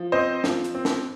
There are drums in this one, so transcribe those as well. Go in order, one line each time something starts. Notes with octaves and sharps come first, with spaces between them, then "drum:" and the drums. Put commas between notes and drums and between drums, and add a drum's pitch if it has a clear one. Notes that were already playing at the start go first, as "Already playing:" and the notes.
Already playing: F3
C4 C5 D#5
F3, drum: snare
drum: hi-hat
C4
drum: snare